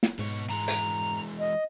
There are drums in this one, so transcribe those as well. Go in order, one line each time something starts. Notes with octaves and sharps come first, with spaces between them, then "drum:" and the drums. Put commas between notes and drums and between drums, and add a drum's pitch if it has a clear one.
drum: snare
G#2 B2 C#5
E3 G#3 A#5
drum: hi-hat
D#5